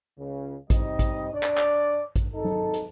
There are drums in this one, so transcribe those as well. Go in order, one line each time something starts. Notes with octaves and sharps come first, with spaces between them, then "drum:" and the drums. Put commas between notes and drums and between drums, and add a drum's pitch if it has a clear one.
C#2 C#3
G3 C4 D#4 D#5, drum: kick A1, hi-hat
drum: kick A1, hi-hat
D4 C#5 D5
drum: clap
drum: clap
drum: kick A1, hi-hat
G#1 D#4 A4
drum: tom F#3
drum: hi-hat